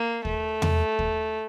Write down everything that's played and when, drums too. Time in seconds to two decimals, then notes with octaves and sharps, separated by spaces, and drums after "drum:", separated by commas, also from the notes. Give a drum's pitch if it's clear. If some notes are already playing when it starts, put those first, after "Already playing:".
Already playing: A#3
0.25 A3, drum: kick D#2
0.62 drum: tom E2
0.99 drum: kick D#2